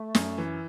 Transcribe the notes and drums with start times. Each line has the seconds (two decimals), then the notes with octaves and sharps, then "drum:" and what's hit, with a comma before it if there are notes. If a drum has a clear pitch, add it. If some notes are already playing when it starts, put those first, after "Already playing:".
Already playing: A3
0.15 F#2, drum: snare
0.38 E3